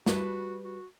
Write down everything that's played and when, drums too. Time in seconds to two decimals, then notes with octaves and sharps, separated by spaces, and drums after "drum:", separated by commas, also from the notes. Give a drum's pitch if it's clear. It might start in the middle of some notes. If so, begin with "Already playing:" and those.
0.06 G3 F#4 B4 A5, drum: snare
0.64 F#4